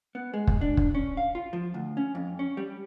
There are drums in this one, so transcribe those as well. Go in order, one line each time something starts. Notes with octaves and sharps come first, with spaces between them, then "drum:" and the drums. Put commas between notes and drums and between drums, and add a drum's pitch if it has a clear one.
B3
G#3
drum: kick
D4
drum: kick
C#4
F5
F4
F3
D2
C#4
F2
C#4
G3